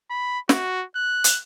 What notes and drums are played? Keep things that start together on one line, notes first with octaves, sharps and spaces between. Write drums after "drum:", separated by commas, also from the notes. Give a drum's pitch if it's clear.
B5
F#4, drum: snare
F#6
drum: hi-hat